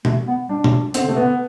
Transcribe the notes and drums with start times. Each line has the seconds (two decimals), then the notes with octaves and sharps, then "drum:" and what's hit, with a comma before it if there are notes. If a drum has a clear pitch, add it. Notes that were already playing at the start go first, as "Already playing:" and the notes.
0.05 A3, drum: tom B2
0.27 B3
0.49 G3 D4
0.64 drum: tom B2
0.94 D3 C4, drum: hi-hat
1.08 C3 A3
1.17 D3 B3